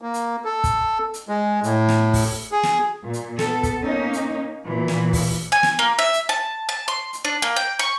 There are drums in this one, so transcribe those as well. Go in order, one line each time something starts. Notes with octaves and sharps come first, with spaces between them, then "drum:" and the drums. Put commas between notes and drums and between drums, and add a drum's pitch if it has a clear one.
A#3
drum: hi-hat
A4
drum: kick, hi-hat
drum: hi-hat
G#3
A2, drum: hi-hat
drum: snare
drum: kick, open hi-hat
G#4
drum: snare
A#2
drum: hi-hat
B3 A4, drum: snare
drum: kick, hi-hat
A#3 C#4 D#4
drum: hi-hat
A#2 E3
drum: snare
drum: kick, open hi-hat
G#5
drum: snare
A#3
E5
drum: hi-hat
A5
A5
C6
drum: hi-hat
D4
A#3
G5
C#6